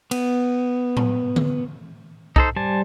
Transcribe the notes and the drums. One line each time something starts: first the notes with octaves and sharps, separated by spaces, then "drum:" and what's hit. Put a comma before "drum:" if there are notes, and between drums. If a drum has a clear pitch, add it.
B3, drum: cymbal
drum: tom A2
drum: tom D3
D#4 A4 C5, drum: kick
G3 C5 G#5 A5